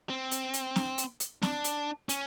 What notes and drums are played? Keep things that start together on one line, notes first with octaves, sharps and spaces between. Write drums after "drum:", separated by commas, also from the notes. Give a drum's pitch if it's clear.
C4
drum: hi-hat
drum: hi-hat
drum: snare C4
drum: hi-hat
drum: hi-hat
D4, drum: snare C4
drum: hi-hat
C#4, drum: hi-hat